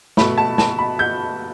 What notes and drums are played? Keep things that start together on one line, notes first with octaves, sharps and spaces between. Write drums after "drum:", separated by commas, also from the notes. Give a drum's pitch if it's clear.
B2 A3 B5, drum: snare
A5
A5, drum: snare
B5
G6